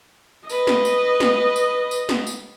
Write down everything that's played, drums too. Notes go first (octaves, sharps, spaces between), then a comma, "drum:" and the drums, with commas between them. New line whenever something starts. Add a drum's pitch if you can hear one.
B4 D#5, drum: tambourine
drum: snare
drum: tambourine
drum: snare
drum: tambourine
drum: tambourine
drum: snare
drum: tambourine